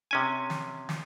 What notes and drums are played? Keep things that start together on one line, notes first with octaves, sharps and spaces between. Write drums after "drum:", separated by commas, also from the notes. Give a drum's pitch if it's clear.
C3 C#4 G#5
drum: snare
drum: snare